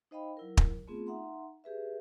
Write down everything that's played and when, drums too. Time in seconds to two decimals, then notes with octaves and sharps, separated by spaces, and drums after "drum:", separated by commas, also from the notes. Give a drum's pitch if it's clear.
0.11 D#4 C5 D#5 F5 G5 B5
0.37 F#3 E4 A#4
0.57 drum: kick
0.87 A3 B3 C4 F4 G#4
1.07 D#4 E5 F#5 A#5 C6
1.64 G4 G#4 B4 E5